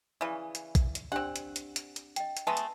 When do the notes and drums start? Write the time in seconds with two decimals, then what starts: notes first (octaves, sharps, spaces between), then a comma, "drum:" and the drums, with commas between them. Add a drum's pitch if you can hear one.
0.21 C#3 E3 D5 B5 C#6
0.55 drum: hi-hat
0.75 drum: kick A#1, hi-hat
0.95 drum: hi-hat
1.12 C4 D4 G4 D5 F#5
1.36 drum: hi-hat
1.56 drum: hi-hat
1.76 drum: hi-hat
1.96 drum: hi-hat
2.16 D#5 G5, drum: hi-hat
2.37 drum: hi-hat
2.47 G#3 A3 B3 B4 E5 A5
2.57 drum: hi-hat